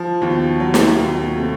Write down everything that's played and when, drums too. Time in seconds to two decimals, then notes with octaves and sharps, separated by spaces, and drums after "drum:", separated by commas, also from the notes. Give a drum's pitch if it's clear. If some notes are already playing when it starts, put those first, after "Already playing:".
Already playing: F3
0.22 D#2 B2
0.60 F#3
0.74 drum: snare
0.99 D#2 A#2
1.09 B2
1.18 A#2
1.32 B2
1.37 C3 A3